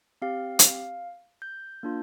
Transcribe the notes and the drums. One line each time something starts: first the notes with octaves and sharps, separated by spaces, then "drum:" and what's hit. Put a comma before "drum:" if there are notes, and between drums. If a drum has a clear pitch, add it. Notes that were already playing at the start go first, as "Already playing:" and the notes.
C4 G4 F5
drum: hi-hat
G6
A#3 D4 F4